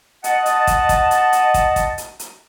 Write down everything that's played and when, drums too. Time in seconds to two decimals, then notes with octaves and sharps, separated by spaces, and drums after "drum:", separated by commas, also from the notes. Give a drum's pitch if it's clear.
0.24 D#5 F#5 A5, drum: hi-hat
0.46 drum: hi-hat
0.67 drum: kick, hi-hat
0.89 drum: kick, hi-hat
1.11 drum: hi-hat
1.33 drum: hi-hat
1.54 drum: kick, hi-hat
1.76 drum: kick, hi-hat
1.98 drum: hi-hat
2.19 drum: hi-hat